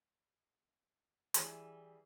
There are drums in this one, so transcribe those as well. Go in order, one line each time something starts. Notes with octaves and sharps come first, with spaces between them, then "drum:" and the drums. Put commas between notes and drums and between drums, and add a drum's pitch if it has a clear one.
E3 G3 G#4, drum: hi-hat